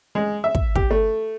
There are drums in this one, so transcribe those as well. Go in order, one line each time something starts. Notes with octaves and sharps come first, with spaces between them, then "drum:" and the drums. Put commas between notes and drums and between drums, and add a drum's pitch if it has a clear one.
G#3
E5
drum: kick
G4, drum: kick
A3